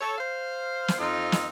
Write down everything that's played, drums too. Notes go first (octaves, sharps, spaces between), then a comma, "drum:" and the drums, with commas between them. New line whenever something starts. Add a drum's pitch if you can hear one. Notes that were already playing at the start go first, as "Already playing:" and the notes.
A4 C#5
C5 F5
drum: snare
F2 C4 D#4 F4
drum: snare